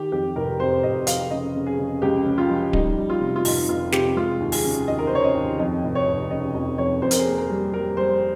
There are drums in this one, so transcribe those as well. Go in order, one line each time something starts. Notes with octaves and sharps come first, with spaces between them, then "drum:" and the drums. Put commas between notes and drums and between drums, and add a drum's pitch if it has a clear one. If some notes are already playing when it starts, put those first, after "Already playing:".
Already playing: D#3 G4
F2 G4
F1 A#4
F2 C5
F1 D#5
F2 F5, drum: hi-hat
C#3 D#5
C#3
G#4
C#3
C#2 G4
C#3
F4
F3
G3 D#4, drum: kick D1
G3
F4
C3
F4
F1 D#4, drum: open hi-hat
F1 F4
C3 G4, drum: snare
G#3 F4
D#2
G#4, drum: open hi-hat
C#3
D#2 D#5
A#4
C5
C#3 C#5
D#5
D#2
F2 D#5
F1
C#5
F1
C#3 D#5
F2 D#5
F2 C#5
F2 C5
A#4, drum: hi-hat
G#4
A#3 A#4
A#4
G3
G3 A#4
G3 C5